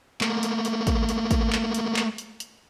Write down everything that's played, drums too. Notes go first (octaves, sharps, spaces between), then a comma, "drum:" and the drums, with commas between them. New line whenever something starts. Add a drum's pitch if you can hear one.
A3 A#3, drum: clap
drum: hi-hat
drum: hi-hat
drum: kick, hi-hat
drum: hi-hat
drum: kick, hi-hat
drum: clap
drum: hi-hat
drum: clap
drum: hi-hat
drum: hi-hat